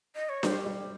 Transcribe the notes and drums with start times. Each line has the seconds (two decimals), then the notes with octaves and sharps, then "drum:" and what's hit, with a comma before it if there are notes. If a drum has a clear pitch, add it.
0.16 D#5
0.29 C#5
0.43 G3 C5, drum: snare D4
0.66 G3